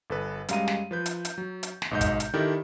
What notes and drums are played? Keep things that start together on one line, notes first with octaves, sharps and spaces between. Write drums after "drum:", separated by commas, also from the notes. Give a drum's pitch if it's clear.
G1 A4 B4
F#2 G3 G#3 F5 A#5 D#7, drum: hi-hat
drum: snare
F3 B4 G6
drum: hi-hat
drum: hi-hat
F#3
drum: hi-hat
drum: snare
B1 G#2 G#3 D#5 G6
drum: kick, hi-hat
drum: hi-hat
D#3 D4 E4 G4 A4 A#4